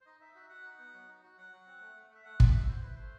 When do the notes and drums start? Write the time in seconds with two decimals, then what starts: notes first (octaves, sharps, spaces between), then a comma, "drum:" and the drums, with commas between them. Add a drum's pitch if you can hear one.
0.01 C5
0.06 D#4 D#5
0.21 D#4 E5
0.35 F#4 E5
0.49 F#4 F#5
0.64 D#4
0.78 B3
0.93 F#3
1.08 D#4
1.23 F#4
1.37 F#3 F#5
1.52 F#3
1.67 C4
1.80 A3
1.95 A3
2.10 A3 E5
2.25 A3 F#5
2.40 A3, drum: kick
2.47 E5
2.54 F#4
2.68 E4 C5
2.82 E4 B4
2.96 A3 C5